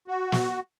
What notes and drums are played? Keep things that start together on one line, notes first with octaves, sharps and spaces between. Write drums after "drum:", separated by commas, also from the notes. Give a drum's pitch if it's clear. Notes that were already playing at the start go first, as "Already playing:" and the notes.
F#4
drum: snare